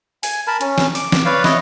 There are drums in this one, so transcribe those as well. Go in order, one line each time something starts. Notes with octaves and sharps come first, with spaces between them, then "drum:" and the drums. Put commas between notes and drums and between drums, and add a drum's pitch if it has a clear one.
G#5, drum: open hi-hat
A#4 A5 B5
C#4, drum: hi-hat
drum: snare
D6, drum: open hi-hat
drum: snare
B4 C#5 D5 F5
E4 C#5 D#5, drum: snare